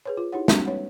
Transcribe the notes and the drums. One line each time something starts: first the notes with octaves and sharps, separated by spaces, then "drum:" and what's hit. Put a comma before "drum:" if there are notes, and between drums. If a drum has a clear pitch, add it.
G#4 B4 C#5
F4
D#4 E4 G4 C#5 F#5
G3 G#3 A#3 C4 D4 F#4, drum: snare
B4 C#5 F#5